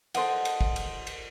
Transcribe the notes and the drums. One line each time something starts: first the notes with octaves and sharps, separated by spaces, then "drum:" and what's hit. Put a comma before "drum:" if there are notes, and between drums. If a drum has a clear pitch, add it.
A4 C5 D#5 F#5, drum: cymbal
drum: cymbal
drum: kick
drum: cymbal
drum: cymbal